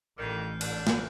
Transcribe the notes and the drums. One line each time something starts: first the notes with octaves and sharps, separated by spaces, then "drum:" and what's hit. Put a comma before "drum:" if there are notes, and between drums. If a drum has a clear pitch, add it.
A1 F2 D3 D#3 F6 G6 C7
D3 D4, drum: cymbal
drum: snare